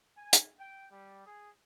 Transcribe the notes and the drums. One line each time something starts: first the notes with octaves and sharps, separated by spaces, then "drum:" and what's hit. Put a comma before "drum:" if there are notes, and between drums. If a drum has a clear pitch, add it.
G#5
drum: hi-hat
G5
G3
G#4